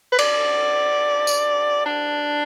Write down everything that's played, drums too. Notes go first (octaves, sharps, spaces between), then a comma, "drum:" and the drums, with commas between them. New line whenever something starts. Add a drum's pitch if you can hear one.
B4
D5, drum: cymbal
drum: tambourine
D4